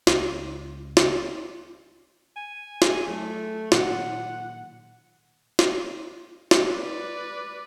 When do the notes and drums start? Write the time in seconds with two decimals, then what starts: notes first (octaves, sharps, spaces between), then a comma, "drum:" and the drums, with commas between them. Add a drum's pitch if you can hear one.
0.07 C#2, drum: snare
0.97 drum: snare
2.36 G#5
2.82 G#4 E5, drum: snare
3.08 F#3 A3 A4
3.72 A#2 D#3 F#5, drum: snare
5.59 drum: snare
6.51 drum: snare
6.68 B4 D5